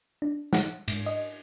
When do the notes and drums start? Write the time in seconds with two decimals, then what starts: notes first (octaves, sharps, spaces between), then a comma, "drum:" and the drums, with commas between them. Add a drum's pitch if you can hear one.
0.22 D4
0.53 F#5, drum: snare
0.88 G#2, drum: cymbal
1.06 D#5